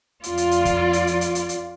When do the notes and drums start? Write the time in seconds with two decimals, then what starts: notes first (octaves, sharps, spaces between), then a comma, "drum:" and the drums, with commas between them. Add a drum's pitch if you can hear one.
0.24 F2 F4 D5, drum: hi-hat
0.37 drum: hi-hat
0.51 drum: hi-hat
0.65 drum: kick, hi-hat
0.93 drum: hi-hat
1.07 drum: hi-hat
1.21 drum: hi-hat
1.35 drum: hi-hat
1.49 drum: hi-hat